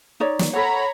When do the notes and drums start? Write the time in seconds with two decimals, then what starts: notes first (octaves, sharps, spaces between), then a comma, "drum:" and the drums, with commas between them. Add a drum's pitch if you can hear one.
0.20 D#4 C#5 D5
0.39 drum: snare
0.53 A4 C#5 F#5 A#5 B5